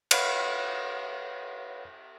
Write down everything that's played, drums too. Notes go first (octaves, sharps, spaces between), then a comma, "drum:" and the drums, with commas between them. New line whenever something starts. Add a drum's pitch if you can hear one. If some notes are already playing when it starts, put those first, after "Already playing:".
B4 C#5 F5 F#5 B5 F6, drum: cymbal